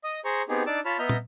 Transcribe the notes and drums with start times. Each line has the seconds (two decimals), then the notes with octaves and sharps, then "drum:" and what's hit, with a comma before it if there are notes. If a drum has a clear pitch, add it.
0.04 D#5 D#6
0.25 G#4 C5 A#5 C#6
0.49 B3 C4 D#4 G4 G#4
0.66 D4 D#4 D5 D6 E6
0.85 F4 C#5 A5 B5 F6
0.99 B3 D#5 E5 A#5 F6 G6
1.09 drum: tom